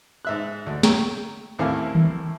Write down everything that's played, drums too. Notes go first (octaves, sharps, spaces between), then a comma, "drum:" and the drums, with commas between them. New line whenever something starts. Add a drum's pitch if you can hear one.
G#2 E5 F#6
D2
G5 A#5 C#6, drum: snare
D#2 A2 A#3 C4 F5 G#5
drum: tom D#3